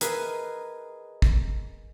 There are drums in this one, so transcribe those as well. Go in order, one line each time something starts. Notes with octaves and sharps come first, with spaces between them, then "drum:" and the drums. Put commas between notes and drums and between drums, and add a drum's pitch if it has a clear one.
G#4 A#4 B4 D#5 E5 G#5, drum: hi-hat
drum: kick